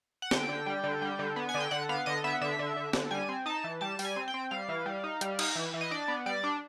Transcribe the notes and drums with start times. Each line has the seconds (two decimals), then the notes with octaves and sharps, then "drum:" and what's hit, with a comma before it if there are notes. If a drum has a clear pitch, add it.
0.22 F#5
0.31 D3 G5, drum: snare
0.49 D3
0.66 G3
0.84 D3
1.02 G3
1.19 D3
1.36 B3
1.49 G#5
1.54 D3
1.60 G5
1.71 D3 F#5
1.89 B3 F5
2.06 D3 D#5
2.24 B3 E5
2.41 D3 E5
2.59 D3
2.76 D3
2.93 D3, drum: snare
3.11 G3 G#5
3.29 C4
3.46 D#4 A5
3.64 E3
3.81 G3 A5
3.99 G3, drum: open hi-hat
4.05 G#5
4.16 C4
4.28 G5
4.34 C4
4.51 G3 F5
4.69 E3
4.86 G3
5.04 D#4
5.21 G3, drum: hi-hat
5.39 D#4, drum: cymbal
5.56 E3
5.74 E3
5.81 D#5
5.91 D4 D5
6.08 B3
6.26 G3 D5
6.44 D4